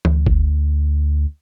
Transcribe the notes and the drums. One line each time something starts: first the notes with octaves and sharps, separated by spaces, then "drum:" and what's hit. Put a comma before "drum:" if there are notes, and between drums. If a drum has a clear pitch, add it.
D2, drum: tom
drum: kick F#1